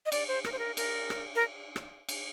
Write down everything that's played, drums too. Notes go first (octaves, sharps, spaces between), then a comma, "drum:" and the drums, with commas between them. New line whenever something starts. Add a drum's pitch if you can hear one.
D#5
D5, drum: cymbal
C5
A#4, drum: rim click
C5
A#4
A#4, drum: cymbal
drum: rim click
A#4
drum: rim click
drum: cymbal